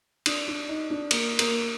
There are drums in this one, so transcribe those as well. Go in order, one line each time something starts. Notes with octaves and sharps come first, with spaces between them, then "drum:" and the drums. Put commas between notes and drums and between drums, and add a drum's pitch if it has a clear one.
D4, drum: cymbal
D4
D#4
D4
A#3, drum: cymbal
A#3, drum: cymbal